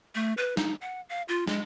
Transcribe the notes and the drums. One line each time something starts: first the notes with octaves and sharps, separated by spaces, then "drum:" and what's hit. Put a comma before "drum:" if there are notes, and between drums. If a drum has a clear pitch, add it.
A3
B4
D#4, drum: snare
F#5
F5
F4
G#3, drum: snare